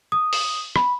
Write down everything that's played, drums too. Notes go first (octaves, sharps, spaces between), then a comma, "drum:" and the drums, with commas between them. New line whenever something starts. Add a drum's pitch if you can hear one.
D#6
drum: open hi-hat
B5, drum: rim click